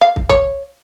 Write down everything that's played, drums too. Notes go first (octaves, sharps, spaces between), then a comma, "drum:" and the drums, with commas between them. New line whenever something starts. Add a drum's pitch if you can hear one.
F5
drum: kick
C#5, drum: kick